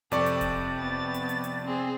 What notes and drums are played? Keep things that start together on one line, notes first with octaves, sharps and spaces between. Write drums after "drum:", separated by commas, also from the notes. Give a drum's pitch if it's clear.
F2 C3 A4 D5 C#6, drum: hi-hat
drum: hi-hat
drum: kick E1, hi-hat
B3 A6
drum: hi-hat
drum: hi-hat
drum: hi-hat
C4 G#4